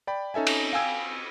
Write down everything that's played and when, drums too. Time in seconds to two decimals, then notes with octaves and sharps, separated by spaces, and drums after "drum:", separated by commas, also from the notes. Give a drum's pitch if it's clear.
0.07 D5 G5 B5
0.34 C#4 D#4 A4 E5 G#5
0.47 drum: cymbal
0.73 F5 G5 G#5 E6 G#6